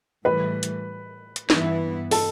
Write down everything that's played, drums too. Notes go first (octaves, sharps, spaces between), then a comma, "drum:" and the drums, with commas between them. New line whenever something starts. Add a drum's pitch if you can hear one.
A2 E3 G3 B4 B5
drum: hi-hat
drum: hi-hat
G2 E3 B3 E4, drum: snare
A4 A5, drum: open hi-hat